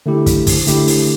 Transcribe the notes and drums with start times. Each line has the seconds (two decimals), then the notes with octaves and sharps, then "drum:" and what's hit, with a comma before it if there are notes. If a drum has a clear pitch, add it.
0.06 D3 A3 E4 G4
0.26 drum: kick, hi-hat
0.47 drum: kick, open hi-hat
0.67 D3 A3 E4 G4, drum: hi-hat
0.88 drum: open hi-hat